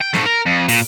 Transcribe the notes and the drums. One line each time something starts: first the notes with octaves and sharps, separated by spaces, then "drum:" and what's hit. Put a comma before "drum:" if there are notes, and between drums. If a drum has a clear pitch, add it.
G5
G#2 A3, drum: snare
A#4
F2
A#2, drum: open hi-hat